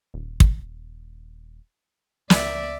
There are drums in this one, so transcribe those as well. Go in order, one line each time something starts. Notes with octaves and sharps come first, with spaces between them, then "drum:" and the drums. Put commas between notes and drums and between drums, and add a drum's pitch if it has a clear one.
D#1
drum: kick
C#2 D5 E5, drum: snare